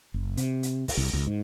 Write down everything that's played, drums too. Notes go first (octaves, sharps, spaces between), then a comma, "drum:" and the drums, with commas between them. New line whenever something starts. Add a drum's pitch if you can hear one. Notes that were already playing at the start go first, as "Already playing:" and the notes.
F#1
C3, drum: hi-hat
drum: hi-hat
drum: kick, open hi-hat
C2
C#2
G#2